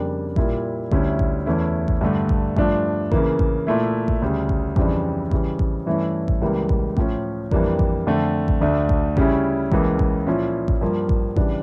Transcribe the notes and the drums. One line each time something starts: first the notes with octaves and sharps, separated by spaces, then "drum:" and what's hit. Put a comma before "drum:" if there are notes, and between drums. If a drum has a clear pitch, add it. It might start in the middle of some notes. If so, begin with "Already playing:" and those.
Already playing: F2 C#3 G3 A#3 D4
A#2 G3 A#3 E4, drum: kick A1
D2 D3 G3 C#4 E4, drum: kick A1
drum: kick A1
E2 E3 A3 C#4 E4
drum: kick A1
G2 D3 A3
drum: kick A1
G2 F3 A3 D4, drum: kick A1
C#3 E3 A#3, drum: kick A1
drum: kick A1
A#2 A3 E4
drum: kick A1
D2 C#3 G3
drum: kick A1
F2 C#3 E3 G3 D4, drum: kick A1
C#3 E3 G3, drum: kick A1
drum: kick A1
G2 E3 A3 C#4 E4
drum: kick A1
C#2 C#3 E3 G3 A#3
drum: kick A1
A2 F3 C#4, drum: kick A1
F2 E3 G3 A#3 D4, drum: kick A1
drum: kick A1
F2 D3 A3
drum: kick A1
D2 D3 A3 D4
drum: kick A1
C#3 G3 C#4 E4, drum: kick A1
C#2 C#3 E3 A#3, drum: kick A1
drum: kick A1
A#2 F3 C#4 E4
drum: kick A1
G2 F3 A#3
drum: kick A1
C#3 E3 G3 D4, drum: kick A1